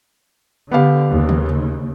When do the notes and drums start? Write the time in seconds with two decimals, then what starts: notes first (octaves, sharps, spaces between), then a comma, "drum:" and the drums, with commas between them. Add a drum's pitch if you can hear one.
0.72 D3 B3 G4 F5
1.07 D#2 C#3
1.29 drum: tom